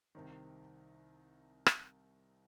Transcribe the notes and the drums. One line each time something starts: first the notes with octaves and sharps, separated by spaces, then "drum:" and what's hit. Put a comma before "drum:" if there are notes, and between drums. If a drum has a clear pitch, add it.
C2 C3 D#3
drum: rim click